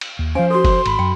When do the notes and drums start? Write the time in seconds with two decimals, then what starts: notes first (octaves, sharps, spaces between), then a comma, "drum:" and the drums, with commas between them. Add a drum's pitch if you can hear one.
0.01 drum: cymbal
0.19 D#2
0.35 F3 C#4 C5 F5 G#5
0.50 F#4 A4 C6
0.65 drum: kick F#1, cymbal
0.86 G#1 B5, drum: cymbal
0.99 F#2 G5